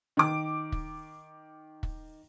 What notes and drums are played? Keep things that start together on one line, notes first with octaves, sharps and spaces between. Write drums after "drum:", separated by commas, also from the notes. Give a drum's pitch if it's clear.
D#3 D6
drum: kick
drum: kick